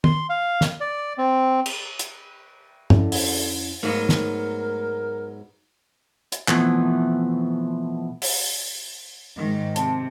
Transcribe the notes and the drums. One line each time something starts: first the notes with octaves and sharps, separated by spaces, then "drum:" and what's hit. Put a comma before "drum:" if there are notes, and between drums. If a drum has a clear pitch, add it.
C6, drum: tom
F5
drum: snare
D5
C4
drum: cymbal
drum: hi-hat
F2 D3 C#4 E4, drum: tom
drum: open hi-hat
G#2 F#3 A3 B3 A#4
drum: snare
drum: hi-hat
B2 E3 F3 A3 B3 C4, drum: clap
drum: open hi-hat
G#2 D#3
C3 A5, drum: hi-hat